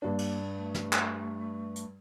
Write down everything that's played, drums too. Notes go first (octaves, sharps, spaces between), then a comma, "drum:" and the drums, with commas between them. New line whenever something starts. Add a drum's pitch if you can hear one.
G2 A#3 D4
drum: cymbal
A3
drum: snare
drum: clap
drum: hi-hat